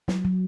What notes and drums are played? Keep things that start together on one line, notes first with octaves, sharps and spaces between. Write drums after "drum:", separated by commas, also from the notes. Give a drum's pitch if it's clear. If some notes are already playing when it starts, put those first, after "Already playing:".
F#3, drum: snare
F#3